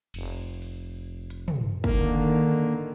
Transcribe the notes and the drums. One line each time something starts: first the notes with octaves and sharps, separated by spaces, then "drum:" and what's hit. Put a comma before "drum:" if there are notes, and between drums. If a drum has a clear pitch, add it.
F1, drum: cymbal
drum: open hi-hat
drum: hi-hat
drum: tom
D3 D#3 A#3, drum: kick